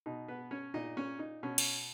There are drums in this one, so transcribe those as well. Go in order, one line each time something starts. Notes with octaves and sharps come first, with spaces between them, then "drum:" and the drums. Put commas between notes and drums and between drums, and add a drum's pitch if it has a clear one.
B2 D#4
B3 B4
C#4 C#5
A#2 D#4 D#5
C#4 C#5
D#4
B2 C#4
drum: cymbal